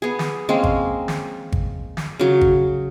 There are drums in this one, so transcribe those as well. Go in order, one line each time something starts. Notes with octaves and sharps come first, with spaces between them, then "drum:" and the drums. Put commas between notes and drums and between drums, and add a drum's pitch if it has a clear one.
B3 G#4
drum: snare
G#3 A#3 C4 C#4
drum: kick G#1
drum: snare
drum: kick G#1
drum: snare
C#3 F#3
drum: kick G#1